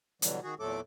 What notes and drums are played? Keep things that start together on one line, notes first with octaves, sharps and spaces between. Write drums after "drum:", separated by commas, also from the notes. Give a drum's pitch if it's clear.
B2 D3 E3 F#3 G3, drum: hi-hat
D#3 F#4 G#4
E2 A#2 F#3 A3 A4 D6